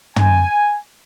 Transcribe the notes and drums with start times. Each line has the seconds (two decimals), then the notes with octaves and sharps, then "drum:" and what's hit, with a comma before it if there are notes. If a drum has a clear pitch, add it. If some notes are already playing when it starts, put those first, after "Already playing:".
0.16 G#5, drum: tom